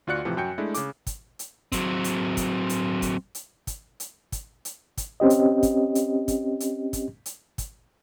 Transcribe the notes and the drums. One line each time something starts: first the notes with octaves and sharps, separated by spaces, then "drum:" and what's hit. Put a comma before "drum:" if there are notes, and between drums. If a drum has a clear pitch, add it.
D2 F4 F#4 D5 F#6 C#7
A2 C3 E3 F3
F#2 F#4 G5 G#5 G6 C#7
G#3 A3 D4 E4
C#3 D6, drum: hi-hat
drum: kick, hi-hat
drum: hi-hat
F#3 C4, drum: kick, hi-hat
drum: hi-hat
drum: kick, hi-hat
drum: hi-hat
drum: kick, hi-hat
drum: hi-hat
drum: kick, hi-hat
drum: hi-hat
drum: kick, hi-hat
drum: hi-hat
drum: kick, hi-hat
C4 C#4 G4 D#5
drum: hi-hat
drum: kick, hi-hat
drum: hi-hat
drum: kick, hi-hat
drum: hi-hat
drum: kick, hi-hat
drum: hi-hat
drum: kick, hi-hat